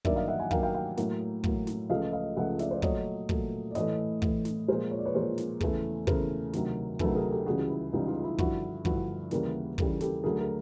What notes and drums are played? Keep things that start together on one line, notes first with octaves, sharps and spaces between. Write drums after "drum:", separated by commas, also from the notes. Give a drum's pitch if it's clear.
G2 D#3 F#3 A#3 D5 E5, drum: kick
D#5 F5
E5 F#5
F#5 G#5
G2 D#3 F#3 A#3 F5 G5, drum: kick
F5 G5
F5 G5
A2 F#3 A#3, drum: snare
A2 F#3 A#3, drum: kick
drum: snare
C#2 C#3 F3 A3 D#5 F5
D#5 F5
C#2 C#3 F3 A3 E5 F#5
D5 E5, drum: snare
C5 D5
A#2 F#3 A3 C#5 D#5, drum: kick
A#2 F#3 A3, drum: kick
D5
A2 E3 A3 C#5 D#5, drum: snare
A2 E3 A3, drum: kick
drum: snare
A#2 F3 G#3 A#4 C5
C#5
D5
B4 C#5
A#2 F3 G#3 A#4 C5
drum: snare
E2 C#3 E3 A3, drum: kick
E2 C#3 E3 A3 A#4 C5, drum: kick
D2 C3 D#3 F#3, drum: snare
D2 C3 D#3 F#3 A4 B4, drum: kick
G#4 A#4
G4 A4
C#2 C#3 E3 G3 F#4 G#4
E4
C#2 C#3 E3 G3 D#4
D#4 F4
E4
G2 D3 F3 E4 F#4, drum: kick
G2 D3 F3 E4 F#4, drum: kick
D#2 C#3 E3 G3 A#3, drum: snare
D#2 C#3 E3 G3 A#3 G4 A4, drum: kick
G4 A4, drum: snare
D2 D3 F#3 A3 G#4 A#4
G#4 A#4